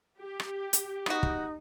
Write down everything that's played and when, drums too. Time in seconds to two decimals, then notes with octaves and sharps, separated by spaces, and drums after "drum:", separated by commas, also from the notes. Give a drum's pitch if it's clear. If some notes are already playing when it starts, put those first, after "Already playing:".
0.20 G4
0.40 drum: rim click
0.73 drum: hi-hat
1.06 B3 D#4 F#4, drum: rim click
1.23 drum: kick